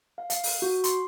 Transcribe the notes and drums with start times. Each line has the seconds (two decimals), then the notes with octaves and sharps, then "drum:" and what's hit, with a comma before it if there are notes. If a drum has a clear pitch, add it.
0.18 F5
0.30 F5, drum: hi-hat
0.44 drum: open hi-hat
0.62 F#4
0.84 C6, drum: hi-hat